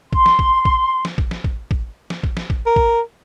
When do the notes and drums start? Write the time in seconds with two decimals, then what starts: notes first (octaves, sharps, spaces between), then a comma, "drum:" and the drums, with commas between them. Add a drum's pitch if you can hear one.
0.13 C6, drum: kick A1
0.26 drum: snare
0.39 drum: kick A1
0.65 drum: kick A1
1.05 drum: snare
1.18 drum: kick A1
1.31 drum: snare
1.44 drum: kick A1
1.71 drum: kick A1
2.10 drum: snare
2.23 drum: kick A1
2.37 drum: snare
2.50 drum: kick A1
2.66 A#4
2.76 drum: kick A1